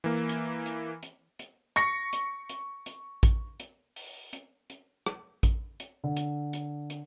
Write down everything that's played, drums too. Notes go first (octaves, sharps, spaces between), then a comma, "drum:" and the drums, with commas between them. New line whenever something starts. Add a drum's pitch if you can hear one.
E3 A#3
drum: hi-hat
drum: hi-hat
drum: hi-hat
drum: hi-hat
C#6 A#6 C#7, drum: hi-hat
drum: hi-hat
drum: hi-hat
drum: hi-hat
drum: kick A1, hi-hat
drum: hi-hat
drum: open hi-hat
drum: hi-hat
drum: hi-hat
drum: rim click
drum: kick A1, hi-hat
drum: hi-hat
D3
drum: hi-hat
drum: hi-hat
drum: hi-hat